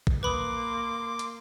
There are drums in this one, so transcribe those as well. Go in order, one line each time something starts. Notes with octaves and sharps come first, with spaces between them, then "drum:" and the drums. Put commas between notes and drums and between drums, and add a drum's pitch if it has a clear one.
drum: kick
A#3 B4 B5 C6 D6 D#6
drum: hi-hat